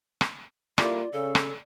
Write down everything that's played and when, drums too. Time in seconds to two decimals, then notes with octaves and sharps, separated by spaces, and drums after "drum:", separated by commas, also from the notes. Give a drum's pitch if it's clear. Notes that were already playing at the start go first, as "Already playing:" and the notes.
0.21 drum: rim click
0.78 G3 A#3 E4 F4 D5, drum: rim click
1.13 C#3 A4
1.35 drum: rim click